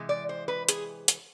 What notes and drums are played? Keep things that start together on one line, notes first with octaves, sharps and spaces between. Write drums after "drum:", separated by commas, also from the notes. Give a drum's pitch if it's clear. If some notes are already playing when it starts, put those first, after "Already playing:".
Already playing: C3 E3 G#3
D5
C5
B4
G#4, drum: hi-hat
drum: hi-hat